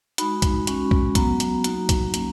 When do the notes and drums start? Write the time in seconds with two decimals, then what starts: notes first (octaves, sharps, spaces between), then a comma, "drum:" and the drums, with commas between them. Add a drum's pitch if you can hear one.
0.18 G#3 D#4 F#4 B5, drum: hi-hat
0.42 drum: kick, hi-hat
0.67 G#3 C#4 F#4, drum: hi-hat
0.91 drum: kick
1.15 F#3 B3 F#4 A#5, drum: kick, hi-hat
1.40 drum: hi-hat
1.64 F#3 A#3 D#4 F#4, drum: hi-hat
1.89 drum: kick, hi-hat
2.14 F#3 A#3 C#4, drum: hi-hat